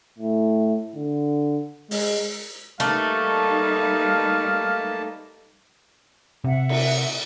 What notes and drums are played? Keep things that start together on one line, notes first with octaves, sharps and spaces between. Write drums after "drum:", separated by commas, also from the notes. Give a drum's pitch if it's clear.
A2
D3
G#3, drum: open hi-hat
G3 A3 A#3 D#4 B4 F5 A5, drum: hi-hat
C3 E5 F#5
drum: cymbal